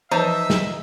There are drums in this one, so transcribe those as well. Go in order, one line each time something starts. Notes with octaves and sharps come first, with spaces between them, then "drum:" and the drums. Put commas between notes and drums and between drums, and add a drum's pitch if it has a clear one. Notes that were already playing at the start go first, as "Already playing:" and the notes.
E3 F3 D#4 B4 C5 E5 A5
drum: snare